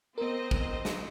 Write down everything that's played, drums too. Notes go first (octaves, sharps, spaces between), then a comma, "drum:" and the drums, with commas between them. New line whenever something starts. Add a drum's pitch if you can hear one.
B3 C4 A#4 C5 D#5
drum: kick
drum: snare